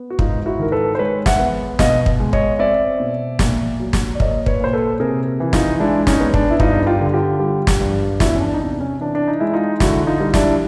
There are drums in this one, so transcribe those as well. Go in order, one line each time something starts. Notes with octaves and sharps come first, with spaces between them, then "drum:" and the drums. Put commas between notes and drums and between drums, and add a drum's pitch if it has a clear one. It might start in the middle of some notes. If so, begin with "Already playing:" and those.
Already playing: B3
F#4
G#2 D#4 F4, drum: kick
E4 F#4
D#3 A#4
A4 B4
C5
G#3 B4 C#5
E5 F#5, drum: snare
B3
B2 D#5 F5, drum: snare
drum: kick
G#3
C#5 D#5, drum: kick
C4 D5 E5
B2
A#2, drum: snare
F#3
drum: snare
D5
A#3 C#5 D#5, drum: kick
B4 C#5, drum: kick
A#2 C5
A4 B4
C3 G#4 A#4
E3
D#4 F4, drum: snare
G#3 D4 E4
C#4 D#4, drum: snare
B3
D4, drum: kick
E4
G2 D#4 F4, drum: kick
F4 G4
D3
F4 G4
G3
drum: snare
G2
E2 E4 F#4, drum: snare
C#4
D4
D#4
C3 D4
C#4
E3 D4
D4
D#4
G#3 E4
D#4 F4
D3 E4 F#4, drum: snare
D#4 F4
G3
D4 E4, drum: snare